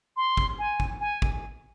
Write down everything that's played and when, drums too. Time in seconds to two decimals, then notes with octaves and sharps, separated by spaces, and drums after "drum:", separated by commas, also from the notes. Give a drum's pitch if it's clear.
0.17 C6
0.37 drum: kick
0.59 G#5
0.80 drum: kick
1.00 G#5
1.22 drum: kick